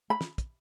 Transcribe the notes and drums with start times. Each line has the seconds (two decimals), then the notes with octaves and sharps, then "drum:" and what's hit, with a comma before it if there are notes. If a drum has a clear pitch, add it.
0.10 B5
0.21 drum: snare
0.38 drum: kick, hi-hat